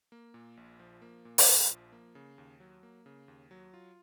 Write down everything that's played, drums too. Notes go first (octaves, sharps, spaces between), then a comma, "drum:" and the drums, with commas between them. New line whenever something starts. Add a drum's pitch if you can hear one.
A#3
A#2
A#1
F3
A#3
A#2
drum: open hi-hat
A#1
F3
A#3
C#3
D#2
F#3
A#3
C#3
D#2
F#3
F4